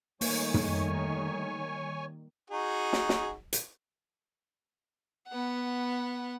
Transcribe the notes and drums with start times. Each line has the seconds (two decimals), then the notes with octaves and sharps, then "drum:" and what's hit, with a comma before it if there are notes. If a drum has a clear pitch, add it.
0.21 D#3 G3 A3 A#3 D#4 C#5 G#5 C#6, drum: open hi-hat
0.54 drum: tom
2.50 D#4 F#4 G#4
2.93 drum: snare
3.09 drum: snare
3.53 drum: hi-hat
5.28 B3 F#5